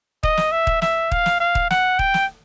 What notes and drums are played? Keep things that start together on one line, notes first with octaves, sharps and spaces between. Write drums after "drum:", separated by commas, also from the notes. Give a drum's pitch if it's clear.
D#5, drum: kick D#1
drum: snare
E5
drum: kick D#1
E5, drum: snare
F5, drum: kick D#1
drum: snare
F5
drum: kick D#1
F#5, drum: snare
G5, drum: kick D#1
drum: snare